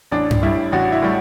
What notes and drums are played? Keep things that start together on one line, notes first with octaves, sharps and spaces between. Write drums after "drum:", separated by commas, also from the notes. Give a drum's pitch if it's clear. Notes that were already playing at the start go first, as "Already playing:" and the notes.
A1 D4
drum: tom G2
A2 G3 E4
A1 F#4
E4
A2 G3